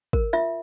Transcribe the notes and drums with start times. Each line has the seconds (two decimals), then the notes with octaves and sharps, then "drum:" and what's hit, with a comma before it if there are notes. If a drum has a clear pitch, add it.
0.13 A#4, drum: kick
0.33 F4 E5